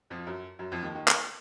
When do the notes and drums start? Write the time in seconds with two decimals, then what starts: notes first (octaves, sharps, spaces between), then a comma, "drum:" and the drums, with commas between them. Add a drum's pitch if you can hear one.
0.10 F2 F3
0.27 F#2 F#3
0.59 F#2 F#3
0.72 F2 F3
0.83 D#2 D#3
0.95 D#2 D#3
1.08 drum: clap